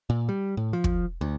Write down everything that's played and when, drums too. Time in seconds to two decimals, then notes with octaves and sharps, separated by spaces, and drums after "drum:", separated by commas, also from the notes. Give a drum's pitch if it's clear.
0.10 A#2
0.29 G3
0.57 A2
0.73 F3
0.84 drum: kick
1.21 D2